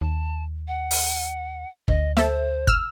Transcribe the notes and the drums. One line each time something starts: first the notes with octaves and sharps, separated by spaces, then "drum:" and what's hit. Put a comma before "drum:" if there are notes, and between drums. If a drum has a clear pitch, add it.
D#2 A5
F#5
drum: open hi-hat
D2 D#5, drum: kick G1
A4 C5 E5, drum: snare
E6 F6, drum: kick G1